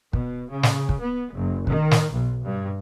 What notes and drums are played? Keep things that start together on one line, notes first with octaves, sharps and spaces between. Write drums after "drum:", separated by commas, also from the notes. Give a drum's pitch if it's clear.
B2, drum: kick
C#3
drum: snare
drum: kick
B3
F#1
D#3, drum: kick
drum: snare
B1
G2